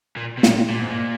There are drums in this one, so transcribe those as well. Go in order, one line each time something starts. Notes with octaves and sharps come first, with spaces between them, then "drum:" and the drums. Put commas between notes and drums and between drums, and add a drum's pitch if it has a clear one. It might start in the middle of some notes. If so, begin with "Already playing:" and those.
A#2
B2
A#2, drum: snare
A#2
G#2
A#2